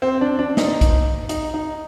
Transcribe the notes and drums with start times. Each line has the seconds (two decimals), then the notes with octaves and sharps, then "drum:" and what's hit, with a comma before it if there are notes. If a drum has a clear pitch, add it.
0.02 C4
0.21 D4
0.39 D4
0.57 D#4, drum: snare
0.81 drum: kick B1, hi-hat
1.29 D#4, drum: hi-hat
1.54 D#4